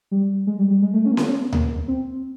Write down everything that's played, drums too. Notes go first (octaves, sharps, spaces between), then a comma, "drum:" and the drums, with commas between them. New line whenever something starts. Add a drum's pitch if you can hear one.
G3
G#3
G3
G3
G#3
A3
C#4
A#3
B3, drum: snare C#4
C#4
B3
A#3, drum: tom D2
C4